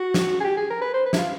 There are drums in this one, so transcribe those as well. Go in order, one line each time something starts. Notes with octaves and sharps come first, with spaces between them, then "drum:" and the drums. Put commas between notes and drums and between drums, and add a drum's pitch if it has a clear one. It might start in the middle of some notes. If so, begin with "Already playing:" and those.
Already playing: F#4
drum: snare
G#4
G4
G#4
A#4
B4
C5
B4
E4, drum: snare
F4